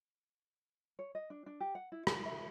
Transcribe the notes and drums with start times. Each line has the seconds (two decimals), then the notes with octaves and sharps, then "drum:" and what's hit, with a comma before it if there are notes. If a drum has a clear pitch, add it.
0.99 C#5
1.15 D#5
1.30 D4
1.46 D4
1.60 G4
1.75 F#5
1.92 E4
2.07 G#4, drum: rim click
2.26 E5